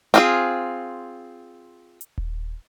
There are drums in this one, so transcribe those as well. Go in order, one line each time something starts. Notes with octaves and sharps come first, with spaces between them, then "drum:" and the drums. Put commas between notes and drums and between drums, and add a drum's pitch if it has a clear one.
C4 F4 G#4, drum: snare
drum: hi-hat
drum: kick D#1